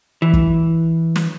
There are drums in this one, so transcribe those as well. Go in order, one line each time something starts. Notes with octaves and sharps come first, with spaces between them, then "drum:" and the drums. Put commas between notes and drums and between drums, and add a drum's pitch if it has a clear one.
E3
drum: kick
drum: snare